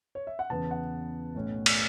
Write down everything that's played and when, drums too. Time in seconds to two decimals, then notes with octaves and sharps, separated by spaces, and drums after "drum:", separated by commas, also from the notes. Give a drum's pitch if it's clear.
0.15 C#5
0.27 E5
0.39 F#5
0.50 E2 C#3 E3 B3 A5
0.71 F#5
1.34 B1 A2 A3 C#4
1.66 drum: cymbal